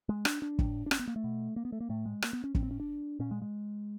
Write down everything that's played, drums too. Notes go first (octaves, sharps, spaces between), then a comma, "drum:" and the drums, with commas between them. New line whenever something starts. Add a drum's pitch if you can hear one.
G#3
D4, drum: rim click
D4
A2, drum: kick
D4
C#4, drum: rim click
B3
A#3
A3
B2
A#3
B3
A3
A#3
A2 A3
G#3
A#3, drum: rim click
B3
C#4
A2 C#4, drum: kick
C4
C#4
D4
A#2 C#4
G#3
G#3